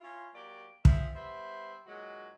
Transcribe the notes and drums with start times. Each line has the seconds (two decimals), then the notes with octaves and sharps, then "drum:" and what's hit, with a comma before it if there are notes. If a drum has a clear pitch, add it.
0.01 C#4 E4 F4
0.34 F#3 A#3 G4 D5
0.85 F3 C4 G#4 E5, drum: kick
1.14 G3 B3 C5 E5
1.87 A#2 D#3 F#3 G#3 F#4